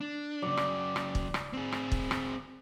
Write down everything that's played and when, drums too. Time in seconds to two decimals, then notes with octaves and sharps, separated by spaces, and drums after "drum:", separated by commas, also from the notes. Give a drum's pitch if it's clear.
0.01 D4
0.42 C#3 F#3 D5
0.57 drum: rim click
0.96 drum: rim click
1.15 drum: kick
1.34 drum: rim click
1.53 C4 G#4
1.72 drum: rim click
1.92 drum: kick
2.11 drum: rim click